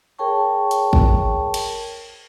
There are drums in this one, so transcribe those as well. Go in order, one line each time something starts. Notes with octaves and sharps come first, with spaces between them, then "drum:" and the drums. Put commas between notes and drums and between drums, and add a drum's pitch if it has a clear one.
G#4 A#4 C#5 G5 A5 C#6
drum: hi-hat
drum: kick
drum: cymbal